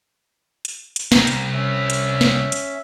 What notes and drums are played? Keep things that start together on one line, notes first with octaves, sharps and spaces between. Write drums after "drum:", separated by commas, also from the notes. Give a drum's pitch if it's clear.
drum: hi-hat
drum: hi-hat
C2 A#5, drum: snare
drum: hi-hat
C#4 E5
drum: hi-hat
drum: snare
drum: hi-hat